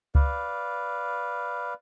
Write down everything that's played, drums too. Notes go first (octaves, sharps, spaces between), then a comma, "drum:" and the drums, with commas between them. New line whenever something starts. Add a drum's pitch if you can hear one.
B4 D5 F5, drum: kick C#2